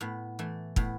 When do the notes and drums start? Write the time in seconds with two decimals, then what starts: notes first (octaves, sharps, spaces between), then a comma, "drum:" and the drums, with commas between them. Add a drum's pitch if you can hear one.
0.01 A2 B3
0.39 E3 A3
0.76 A2 B3, drum: kick